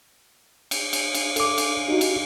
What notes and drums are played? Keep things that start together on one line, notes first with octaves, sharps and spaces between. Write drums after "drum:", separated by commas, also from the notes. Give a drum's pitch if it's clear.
drum: cymbal
drum: cymbal
drum: cymbal
A4 D6, drum: cymbal
drum: cymbal
D#4 F#4 G4
drum: cymbal